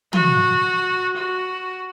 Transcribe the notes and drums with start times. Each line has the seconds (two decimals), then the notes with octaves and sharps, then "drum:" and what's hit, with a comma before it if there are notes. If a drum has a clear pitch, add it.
0.13 F#4, drum: tom
1.16 F#4